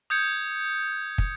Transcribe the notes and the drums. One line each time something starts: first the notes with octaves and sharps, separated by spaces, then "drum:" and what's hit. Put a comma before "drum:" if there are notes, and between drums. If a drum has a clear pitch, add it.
D#6 G6 G#6 C#7
drum: kick